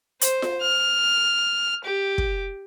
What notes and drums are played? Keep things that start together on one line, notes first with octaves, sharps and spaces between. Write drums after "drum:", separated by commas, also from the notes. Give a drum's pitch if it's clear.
C5, drum: hi-hat
drum: snare F4
F6
G4
drum: kick